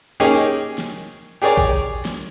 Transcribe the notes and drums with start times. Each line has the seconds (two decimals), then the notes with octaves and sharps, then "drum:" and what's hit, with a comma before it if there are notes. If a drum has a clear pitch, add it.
0.20 A#3 C#4 D#4 G4 G#4
0.46 drum: hi-hat
0.78 drum: snare
1.42 G4 G#4 A#4 C#5 D5, drum: hi-hat
1.57 drum: kick A1
1.73 drum: hi-hat
2.05 drum: snare